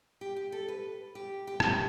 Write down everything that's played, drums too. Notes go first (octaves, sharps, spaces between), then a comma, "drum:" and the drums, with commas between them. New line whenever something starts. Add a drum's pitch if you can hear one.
G4
G4
A4
B4
G4
G4
drum: rim click